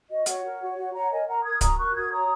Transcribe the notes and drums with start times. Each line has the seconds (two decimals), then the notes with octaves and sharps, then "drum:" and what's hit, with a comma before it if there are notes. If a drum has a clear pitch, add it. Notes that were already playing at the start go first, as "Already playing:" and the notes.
0.09 F#4 D#5
0.26 F#4 C#5 F#5, drum: hi-hat
0.44 A#4
0.61 F#4
0.78 F#4
0.94 C#5 F#5 A#5
1.11 A#4 D#5 G#5
1.27 A#4 F#5 A#5
1.44 A#4 D#6 G#6
1.61 F#4 A#5 D#6, drum: kick C#1, hi-hat
1.78 A#4 C#6 F#6
1.95 F#4 D#6 G#6
2.11 C#5 A#5 D#6